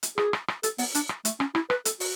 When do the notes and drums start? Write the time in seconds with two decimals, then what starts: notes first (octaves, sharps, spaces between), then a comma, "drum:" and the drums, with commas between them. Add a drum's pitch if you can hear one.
0.03 drum: hi-hat
0.18 G#4, drum: rim click
0.33 drum: rim click
0.48 drum: rim click
0.63 A4, drum: hi-hat
0.78 B3, drum: open hi-hat
0.95 D4, drum: hi-hat
1.09 drum: rim click
1.25 A3, drum: hi-hat
1.40 C#4, drum: rim click
1.55 E4, drum: rim click
1.70 B4, drum: rim click
1.85 A4, drum: hi-hat
2.00 F#4, drum: open hi-hat